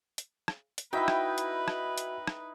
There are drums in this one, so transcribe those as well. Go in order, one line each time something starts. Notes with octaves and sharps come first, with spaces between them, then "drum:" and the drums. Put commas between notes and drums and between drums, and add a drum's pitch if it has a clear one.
drum: hi-hat
drum: rim click
drum: hi-hat
D#4 E4 F#4 B4 E5 G5
drum: rim click
drum: hi-hat
drum: rim click
drum: hi-hat
drum: rim click